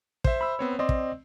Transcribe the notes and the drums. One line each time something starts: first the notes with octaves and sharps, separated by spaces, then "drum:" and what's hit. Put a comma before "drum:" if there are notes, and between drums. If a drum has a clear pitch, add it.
C5 E5, drum: kick
B5 E6
B3 C4 C#5
C4 D5 D#5 C6
drum: kick